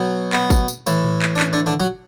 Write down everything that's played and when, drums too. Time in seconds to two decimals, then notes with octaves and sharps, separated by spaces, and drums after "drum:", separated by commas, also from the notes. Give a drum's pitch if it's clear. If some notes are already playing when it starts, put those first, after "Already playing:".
Already playing: B2 F#3
0.33 B3, drum: clap
0.50 drum: kick, tambourine
0.68 drum: tambourine
0.87 A2 E3, drum: tambourine
1.04 drum: tom A2
1.22 drum: clap
1.35 D4
1.39 C#4, drum: clap
1.53 D3 D4
1.66 D3 D4
1.80 F#3 F#4